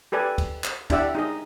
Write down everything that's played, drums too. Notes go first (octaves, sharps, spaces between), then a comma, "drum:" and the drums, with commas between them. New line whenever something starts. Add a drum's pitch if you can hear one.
G4 A4 B4 D5 G#5
drum: kick, cymbal
drum: clap
D4 E4 G4 D5 E5 F#5, drum: kick, cymbal
D#4 G#4 D#5